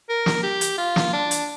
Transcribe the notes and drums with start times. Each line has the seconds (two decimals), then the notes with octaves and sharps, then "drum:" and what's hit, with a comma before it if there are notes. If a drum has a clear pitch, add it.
0.09 A#4
0.26 drum: snare
0.43 G4
0.61 drum: hi-hat
0.78 F4
0.96 drum: snare
1.13 D4
1.31 drum: hi-hat